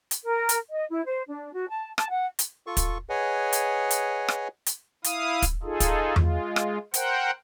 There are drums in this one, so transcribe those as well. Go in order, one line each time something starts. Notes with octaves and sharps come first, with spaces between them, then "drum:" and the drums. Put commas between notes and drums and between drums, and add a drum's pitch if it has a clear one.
drum: hi-hat
A#4
drum: hi-hat
D#5
E4
C5
D4
F#4
A5
A5, drum: rim click
F#5
drum: hi-hat
F4 A4 C#6
drum: kick, hi-hat
G#4 B4 C#5 D#5 F#5 G#5
drum: hi-hat
drum: hi-hat
drum: rim click
drum: hi-hat
E4 F5 D#6, drum: hi-hat
drum: kick, hi-hat
D#4 F4 G#4 A4
drum: kick, hi-hat
G#3 F4, drum: tom E2
drum: rim click
A#4 C5 F#5 G5, drum: hi-hat